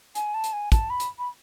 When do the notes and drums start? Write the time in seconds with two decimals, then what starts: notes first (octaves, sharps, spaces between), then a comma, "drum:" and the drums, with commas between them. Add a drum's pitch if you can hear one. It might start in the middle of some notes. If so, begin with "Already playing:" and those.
0.15 G#5, drum: hi-hat
0.34 A5
0.44 drum: hi-hat
0.53 G#5
0.72 A5, drum: kick, hi-hat
0.90 B5
1.00 drum: hi-hat
1.18 B5